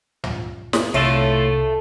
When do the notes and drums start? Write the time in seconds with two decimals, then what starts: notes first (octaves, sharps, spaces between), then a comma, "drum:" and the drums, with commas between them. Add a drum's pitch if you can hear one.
0.24 A#2, drum: tom
0.73 drum: snare
0.94 C2 A2 C3 A3 F4 A4 C#5